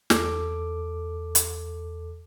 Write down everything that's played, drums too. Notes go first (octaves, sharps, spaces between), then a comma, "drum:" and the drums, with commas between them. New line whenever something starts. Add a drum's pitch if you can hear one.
E2 A4 D6, drum: snare
drum: hi-hat